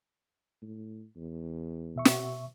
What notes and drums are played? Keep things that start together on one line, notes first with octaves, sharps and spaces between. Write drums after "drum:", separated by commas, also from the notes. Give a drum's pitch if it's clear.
A2
E2
B2 E5 C#6
drum: snare